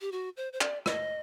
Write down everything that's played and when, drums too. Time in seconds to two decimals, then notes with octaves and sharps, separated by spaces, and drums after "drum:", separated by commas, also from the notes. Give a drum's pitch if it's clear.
0.01 G4
0.12 F#4
0.37 C5
0.53 C5
0.61 D5, drum: clap
0.86 D#5, drum: rim click